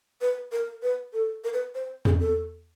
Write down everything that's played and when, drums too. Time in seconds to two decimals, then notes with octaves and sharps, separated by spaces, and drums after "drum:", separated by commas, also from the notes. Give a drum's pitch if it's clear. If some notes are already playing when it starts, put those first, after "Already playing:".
0.21 B4
0.52 A#4
0.82 B4
1.13 A4
1.44 A#4
1.53 B4
1.75 C5
2.05 G#4, drum: tom E2
2.20 A4